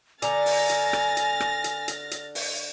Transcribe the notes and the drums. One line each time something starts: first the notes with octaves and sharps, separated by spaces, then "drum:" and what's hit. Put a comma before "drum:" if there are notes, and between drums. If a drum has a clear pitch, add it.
D3 G#5 A#5 F6 A6 A#6, drum: hi-hat
drum: open hi-hat
drum: hi-hat
drum: rim click
drum: hi-hat
drum: rim click
drum: hi-hat
drum: hi-hat
drum: hi-hat
drum: open hi-hat